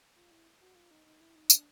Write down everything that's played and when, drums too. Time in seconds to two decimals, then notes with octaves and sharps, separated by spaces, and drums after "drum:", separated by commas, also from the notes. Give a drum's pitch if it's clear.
0.16 F4
0.31 E4
0.61 F#4
0.75 F4
0.91 D#4
1.06 D#4
1.21 E4
1.35 D#4
1.50 D4, drum: tambourine